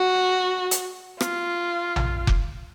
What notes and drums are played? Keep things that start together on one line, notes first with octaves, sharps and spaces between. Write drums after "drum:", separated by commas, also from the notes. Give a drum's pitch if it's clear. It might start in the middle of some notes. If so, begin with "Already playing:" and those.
Already playing: F#4
drum: hi-hat
F4, drum: rim click
drum: tom
drum: kick F1